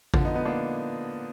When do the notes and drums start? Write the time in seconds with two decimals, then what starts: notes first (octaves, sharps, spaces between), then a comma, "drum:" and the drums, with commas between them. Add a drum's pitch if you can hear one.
0.14 D3 F3, drum: kick A1
0.24 B3 D#4
0.34 B3 D#4
0.45 A#3 D4